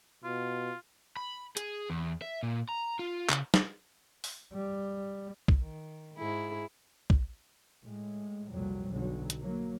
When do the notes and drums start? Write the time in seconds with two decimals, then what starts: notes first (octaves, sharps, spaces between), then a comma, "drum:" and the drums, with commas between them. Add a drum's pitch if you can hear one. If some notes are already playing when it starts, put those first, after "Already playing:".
0.24 B2 F4
1.17 B5
1.57 G#4, drum: hi-hat
1.90 E2
2.22 E5
2.43 A#2
2.69 A#5
2.99 F4
3.29 C#3, drum: clap
3.54 drum: snare
4.24 drum: open hi-hat
4.54 G3
5.48 drum: kick
5.62 D#3
6.18 G#2 E4 G#4
7.10 drum: kick
7.81 A2 G#3
8.50 C2 F2 A#2 F#3 G3
8.88 B1 D3 F#3
9.30 drum: hi-hat
9.41 F#3 A#3